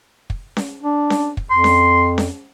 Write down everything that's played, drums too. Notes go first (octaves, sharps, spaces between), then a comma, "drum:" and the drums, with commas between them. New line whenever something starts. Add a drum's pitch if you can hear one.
drum: kick
drum: snare C#4
D4
drum: snare C#4
drum: kick
F2 C6
drum: snare C#4
drum: snare C#4